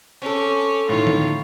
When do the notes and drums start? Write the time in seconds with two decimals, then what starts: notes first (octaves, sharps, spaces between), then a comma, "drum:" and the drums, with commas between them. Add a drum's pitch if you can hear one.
0.22 C4 C#4 A4 D6
0.89 A2 D#3 F4 C#5
1.07 drum: tom D3